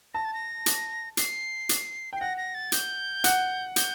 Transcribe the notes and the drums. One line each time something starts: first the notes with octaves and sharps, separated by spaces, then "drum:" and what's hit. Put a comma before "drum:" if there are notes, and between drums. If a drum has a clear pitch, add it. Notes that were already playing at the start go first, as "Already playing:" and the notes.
A5 A#6
A6
A#6
drum: hi-hat
C7, drum: hi-hat
drum: hi-hat
G5
C7
F#5 A#6
A#6
A6
G6, drum: hi-hat
F#5, drum: hi-hat
G6, drum: hi-hat